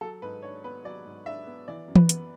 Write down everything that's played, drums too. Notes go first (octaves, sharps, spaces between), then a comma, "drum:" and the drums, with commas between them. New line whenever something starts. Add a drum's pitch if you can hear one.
F#3 A4
G#2 B4
D4 C#5
B3 B4
F#3 D5
G#2
D4 E5
B3
E3 D5
F#2
B4, drum: tom E3
B3, drum: hi-hat